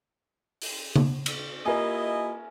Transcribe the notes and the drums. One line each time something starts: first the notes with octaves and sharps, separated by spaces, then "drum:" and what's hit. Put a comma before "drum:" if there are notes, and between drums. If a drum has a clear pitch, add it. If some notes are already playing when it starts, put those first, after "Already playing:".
drum: open hi-hat
drum: tom C#3
drum: cymbal
A#3 E4 F4 G4 A#4 D#5 E5 G#5